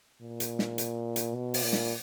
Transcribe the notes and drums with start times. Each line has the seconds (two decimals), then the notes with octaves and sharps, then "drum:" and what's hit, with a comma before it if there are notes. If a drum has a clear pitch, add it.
0.22 A#2
0.40 drum: hi-hat
0.59 drum: snare
0.78 drum: hi-hat
1.16 drum: hi-hat
1.35 B2
1.54 drum: open hi-hat
1.63 A#2
1.73 drum: snare